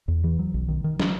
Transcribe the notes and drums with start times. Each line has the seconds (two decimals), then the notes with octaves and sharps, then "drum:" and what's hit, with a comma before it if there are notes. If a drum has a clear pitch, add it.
0.08 E2
0.24 E3
0.39 F#3
0.54 B1
0.68 D#3
0.84 D#3
1.00 F#3, drum: snare